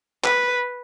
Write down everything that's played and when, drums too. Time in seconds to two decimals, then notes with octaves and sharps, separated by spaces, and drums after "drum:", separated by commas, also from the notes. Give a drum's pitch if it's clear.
0.24 B4, drum: clap